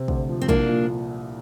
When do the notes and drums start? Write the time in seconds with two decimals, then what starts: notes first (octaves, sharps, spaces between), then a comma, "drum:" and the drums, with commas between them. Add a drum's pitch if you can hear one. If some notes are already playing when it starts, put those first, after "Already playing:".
Already playing: C3 C4
0.08 D2, drum: kick
0.29 F3
0.41 C4
0.48 C2 A#3 D4, drum: kick
0.69 A#2